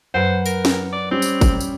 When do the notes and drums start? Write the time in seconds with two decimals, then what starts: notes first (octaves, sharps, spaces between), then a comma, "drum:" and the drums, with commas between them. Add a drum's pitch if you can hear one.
0.14 F#2 B4 C5 F#5
0.46 A#4, drum: tambourine
0.65 drum: snare
0.92 D5
1.11 G3 C4 C#4
1.22 drum: tambourine
1.41 drum: kick G#1, tambourine
1.61 drum: tambourine